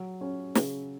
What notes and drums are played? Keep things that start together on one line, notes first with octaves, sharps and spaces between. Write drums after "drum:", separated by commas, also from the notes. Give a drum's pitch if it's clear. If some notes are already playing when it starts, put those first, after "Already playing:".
Already playing: F#3
C#4
C#3, drum: snare